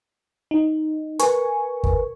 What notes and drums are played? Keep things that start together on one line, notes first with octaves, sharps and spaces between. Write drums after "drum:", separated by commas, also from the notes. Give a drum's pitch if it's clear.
D#4
A#4 B4 G#5 C#6, drum: hi-hat
drum: kick